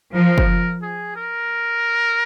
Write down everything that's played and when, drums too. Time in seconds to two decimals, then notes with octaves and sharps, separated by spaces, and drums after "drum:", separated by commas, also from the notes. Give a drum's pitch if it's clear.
0.15 F3 A#4
0.38 drum: kick F#1
0.83 G#4
1.16 A#4